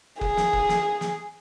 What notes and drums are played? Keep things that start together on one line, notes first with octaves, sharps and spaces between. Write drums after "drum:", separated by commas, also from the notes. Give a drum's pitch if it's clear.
G#4, drum: kick F#1
drum: snare
drum: kick F#1
drum: snare
drum: snare